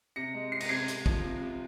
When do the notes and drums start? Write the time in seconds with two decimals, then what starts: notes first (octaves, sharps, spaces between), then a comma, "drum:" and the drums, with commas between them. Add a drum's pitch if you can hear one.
0.16 C3 A#6 C#7
0.34 G#3
0.52 C3 C7
0.60 A#6, drum: cymbal
0.69 C3 G#6 C7
0.88 C3, drum: hi-hat
1.06 F3, drum: kick
1.23 C3
1.41 C3